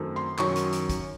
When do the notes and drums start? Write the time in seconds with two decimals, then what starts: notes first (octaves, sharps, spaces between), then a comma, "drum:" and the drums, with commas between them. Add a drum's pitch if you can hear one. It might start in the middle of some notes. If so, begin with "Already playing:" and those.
Already playing: F#2 D#3 A3 C4
0.16 C6
0.38 F#2 D#3 F#3 C#4 C#6, drum: clap
0.55 drum: hi-hat
0.72 drum: hi-hat
0.89 drum: kick, hi-hat